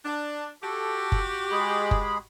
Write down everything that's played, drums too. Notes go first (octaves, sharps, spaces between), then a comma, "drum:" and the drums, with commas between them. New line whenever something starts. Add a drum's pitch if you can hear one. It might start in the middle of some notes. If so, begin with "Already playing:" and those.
D4
F#4 G4 A4
drum: kick F#1
G#3 G#4 B5
drum: kick F#1